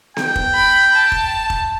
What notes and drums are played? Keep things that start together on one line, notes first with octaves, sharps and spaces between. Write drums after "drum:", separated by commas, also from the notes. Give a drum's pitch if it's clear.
G5, drum: snare B3
drum: kick
B5
A5
drum: kick
drum: kick